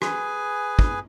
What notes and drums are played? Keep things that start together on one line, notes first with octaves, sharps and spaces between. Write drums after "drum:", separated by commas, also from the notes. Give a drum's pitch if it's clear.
G#4 B4 G#5, drum: rim click
drum: kick